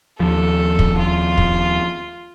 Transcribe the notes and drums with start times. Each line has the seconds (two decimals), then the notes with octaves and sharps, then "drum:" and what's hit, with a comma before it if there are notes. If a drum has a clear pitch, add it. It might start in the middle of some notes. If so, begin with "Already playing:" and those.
0.20 D#2 F3 A4
0.79 drum: kick
0.99 F4
1.38 drum: kick